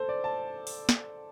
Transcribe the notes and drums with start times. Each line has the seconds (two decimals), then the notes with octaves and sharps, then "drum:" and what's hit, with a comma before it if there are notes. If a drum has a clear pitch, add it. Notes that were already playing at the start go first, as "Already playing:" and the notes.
Already playing: A4 C5
0.09 D5
0.24 A5
0.67 drum: open hi-hat
0.89 drum: snare